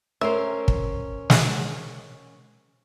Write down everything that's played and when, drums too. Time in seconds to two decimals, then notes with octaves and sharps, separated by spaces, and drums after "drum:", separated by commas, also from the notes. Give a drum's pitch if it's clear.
0.21 C#4 A#4 C5 E5
0.68 drum: kick
1.30 F#3 G#3, drum: snare